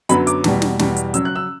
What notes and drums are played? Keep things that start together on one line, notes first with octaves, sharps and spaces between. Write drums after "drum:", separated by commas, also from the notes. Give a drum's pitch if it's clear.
F#2 D3 F#3 B3 B5, drum: hi-hat
D6, drum: hi-hat
E2 B2 G3, drum: snare
drum: snare
E2 B2 G3, drum: snare
drum: hi-hat
C#3 F#3 C#4 E6, drum: hi-hat
F#6
E6